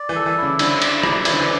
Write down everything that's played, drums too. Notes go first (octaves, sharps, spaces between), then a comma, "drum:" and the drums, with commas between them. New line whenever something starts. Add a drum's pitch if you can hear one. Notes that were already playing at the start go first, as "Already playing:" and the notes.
Already playing: D5
E3
A4
E3
E4
C#3
D3 E4, drum: cymbal
D5, drum: cymbal
D5, drum: rim click
E3 E4, drum: cymbal
D3
E3